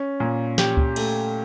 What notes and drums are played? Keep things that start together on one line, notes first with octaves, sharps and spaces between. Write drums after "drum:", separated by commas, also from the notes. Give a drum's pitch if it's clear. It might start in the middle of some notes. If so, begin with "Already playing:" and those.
Already playing: C#4
A#2
G4, drum: snare
drum: kick C#2
A3, drum: cymbal